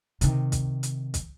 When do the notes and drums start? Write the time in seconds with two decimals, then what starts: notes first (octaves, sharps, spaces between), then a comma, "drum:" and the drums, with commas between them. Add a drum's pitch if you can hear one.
0.21 C3 D#3, drum: hi-hat
0.52 drum: kick, hi-hat
0.83 drum: hi-hat
1.14 drum: kick, hi-hat